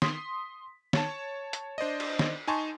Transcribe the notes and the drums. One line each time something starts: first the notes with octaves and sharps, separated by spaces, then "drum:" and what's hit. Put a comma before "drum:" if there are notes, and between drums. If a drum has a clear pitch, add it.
C6 D#6 B6, drum: snare
C#5 A5, drum: snare
drum: hi-hat
D4 C5 D5 D#5
drum: cymbal
drum: snare
D#4 G#5 A5 C6 C#6